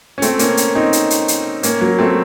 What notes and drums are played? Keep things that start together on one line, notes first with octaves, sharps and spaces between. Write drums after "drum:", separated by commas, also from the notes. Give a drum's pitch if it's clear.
C#4
A3 C4, drum: hi-hat
A#3 C#4, drum: hi-hat
drum: hi-hat
C4 D#4
drum: hi-hat
drum: hi-hat
drum: hi-hat
A#3 C#4, drum: hi-hat
F#3 A#3
A3 C4